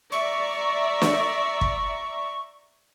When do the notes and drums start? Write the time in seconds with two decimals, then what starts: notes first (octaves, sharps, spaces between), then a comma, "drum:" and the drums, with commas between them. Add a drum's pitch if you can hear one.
0.12 D5 E5 A#5 C#6
1.02 drum: snare
1.61 drum: kick